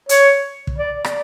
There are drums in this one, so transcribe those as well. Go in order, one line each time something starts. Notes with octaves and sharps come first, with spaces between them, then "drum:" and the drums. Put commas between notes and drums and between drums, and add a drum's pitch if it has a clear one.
C#5, drum: hi-hat
drum: kick
D5
D5, drum: rim click